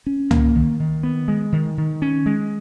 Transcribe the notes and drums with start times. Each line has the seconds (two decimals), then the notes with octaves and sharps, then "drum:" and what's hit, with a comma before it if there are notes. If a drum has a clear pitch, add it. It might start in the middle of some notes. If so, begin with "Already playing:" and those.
0.06 C#4
0.31 A#3, drum: tom
0.55 D#3
0.80 D#3
1.03 B3
1.28 G#3
1.52 D#3
1.78 D#3
2.02 C#4
2.26 G#3